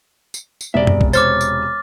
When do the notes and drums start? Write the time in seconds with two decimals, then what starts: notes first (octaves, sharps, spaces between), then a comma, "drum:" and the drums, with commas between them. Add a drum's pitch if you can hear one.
0.34 drum: tambourine
0.61 drum: tambourine
0.74 E1 C3 D5 E5
0.87 drum: tom F#2
1.01 drum: kick
1.13 C5 C#5 D6 F6 A6, drum: tambourine
1.41 drum: tambourine